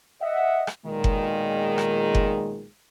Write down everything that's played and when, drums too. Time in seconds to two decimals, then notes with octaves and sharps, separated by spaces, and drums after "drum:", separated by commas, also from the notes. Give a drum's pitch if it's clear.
0.21 D#5 E5 F#5
0.67 drum: rim click
0.86 B1 A#2 D#3 G#3
1.04 drum: kick F#1
1.78 drum: rim click
2.15 drum: kick F#1